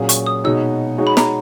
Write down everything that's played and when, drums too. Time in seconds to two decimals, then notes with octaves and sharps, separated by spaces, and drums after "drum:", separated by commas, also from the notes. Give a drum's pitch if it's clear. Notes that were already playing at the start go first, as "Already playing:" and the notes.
Already playing: A#2 F#3 A#3 C#4 G#4
0.09 C#6, drum: hi-hat
0.26 D#6
0.44 B2 G#3 D#4 F#4 C#5 E6
0.98 G#3 D#4 F#4 C#5
1.07 B5
1.17 A#5, drum: snare